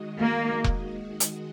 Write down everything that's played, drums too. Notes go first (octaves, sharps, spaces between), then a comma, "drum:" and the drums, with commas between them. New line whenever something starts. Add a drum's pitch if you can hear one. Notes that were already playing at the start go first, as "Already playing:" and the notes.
Already playing: D#3 G#3 F#4 D#5
A#3
drum: kick E1
drum: hi-hat